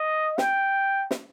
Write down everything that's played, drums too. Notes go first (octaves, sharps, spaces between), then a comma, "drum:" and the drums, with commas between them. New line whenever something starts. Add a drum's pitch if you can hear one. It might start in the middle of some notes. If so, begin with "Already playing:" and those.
Already playing: D#5
G5, drum: snare
drum: snare